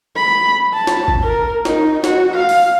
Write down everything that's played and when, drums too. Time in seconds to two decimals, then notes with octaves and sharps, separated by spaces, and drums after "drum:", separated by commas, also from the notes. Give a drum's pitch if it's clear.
0.17 B5
0.74 A5
0.87 drum: snare
1.08 drum: kick
1.23 A#4
1.65 D#4, drum: snare
2.04 F#4, drum: snare
2.35 F5
2.49 drum: open hi-hat